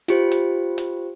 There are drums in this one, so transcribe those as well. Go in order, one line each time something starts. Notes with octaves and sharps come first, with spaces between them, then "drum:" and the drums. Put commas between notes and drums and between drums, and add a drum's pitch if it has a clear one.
F4 G4 C5, drum: hi-hat
drum: hi-hat
drum: hi-hat